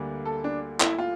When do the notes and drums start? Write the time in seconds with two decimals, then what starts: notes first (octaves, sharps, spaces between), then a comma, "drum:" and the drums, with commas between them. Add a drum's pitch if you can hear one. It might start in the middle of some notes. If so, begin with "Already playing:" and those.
Already playing: D2 D3 G3 A#3
0.25 A4
0.44 D4
0.80 E4, drum: clap
0.98 F4